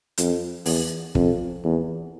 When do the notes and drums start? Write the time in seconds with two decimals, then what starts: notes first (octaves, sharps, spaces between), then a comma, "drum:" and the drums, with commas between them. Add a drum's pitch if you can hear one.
0.18 F2, drum: hi-hat
0.66 E2, drum: open hi-hat
1.15 F2, drum: kick
1.64 E2